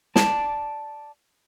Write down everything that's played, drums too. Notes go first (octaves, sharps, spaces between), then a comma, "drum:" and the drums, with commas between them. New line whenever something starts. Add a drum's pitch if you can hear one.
D5 A5, drum: snare